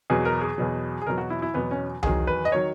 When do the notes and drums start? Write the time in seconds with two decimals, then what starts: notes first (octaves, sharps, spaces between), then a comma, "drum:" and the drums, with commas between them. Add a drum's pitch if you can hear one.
0.10 E2 B2 F#3 G#4
0.25 A#4
0.41 G#4
0.58 E2 B2 F#3
1.02 G#4
1.06 E2 B2 F#3 A#4
1.18 F#4
1.30 E4
1.42 E4
1.54 E2 B2 F#3 B3
1.71 C#4
2.03 E2 D#3 F#3 G#4, drum: tom C2
2.27 B4
2.45 D#5
2.52 D#3 F#3 C#5